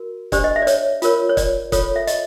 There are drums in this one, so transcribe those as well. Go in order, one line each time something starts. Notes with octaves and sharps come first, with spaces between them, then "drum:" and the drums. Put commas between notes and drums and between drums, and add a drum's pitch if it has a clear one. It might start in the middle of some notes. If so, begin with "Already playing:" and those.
Already playing: F#4 A#4
D4 G4 C5 D5, drum: kick, hi-hat
D#5
E5
D5
C#5, drum: hi-hat
F4 A#4 C#5, drum: hi-hat
C#5
D5, drum: kick, hi-hat
F4 A4 C#5, drum: kick, hi-hat
E5
D#5, drum: hi-hat